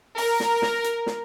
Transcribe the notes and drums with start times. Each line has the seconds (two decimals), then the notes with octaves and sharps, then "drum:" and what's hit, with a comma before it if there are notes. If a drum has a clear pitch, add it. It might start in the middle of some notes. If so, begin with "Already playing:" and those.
0.18 A#4, drum: open hi-hat
0.40 drum: snare
0.62 drum: snare
0.84 drum: hi-hat
1.06 drum: snare